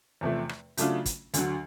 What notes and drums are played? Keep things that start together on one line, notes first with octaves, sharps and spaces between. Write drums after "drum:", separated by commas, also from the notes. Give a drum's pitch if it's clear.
E2 C3 F3 A3
drum: rim click
C#3 F#3 A3 D4 F4, drum: hi-hat
drum: kick, hi-hat
D2 D3 F#3, drum: hi-hat